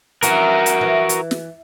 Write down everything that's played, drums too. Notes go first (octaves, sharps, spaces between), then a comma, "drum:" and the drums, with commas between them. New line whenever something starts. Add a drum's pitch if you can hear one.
E3 F#4 A#4, drum: hi-hat
drum: hi-hat
E3
drum: hi-hat
drum: snare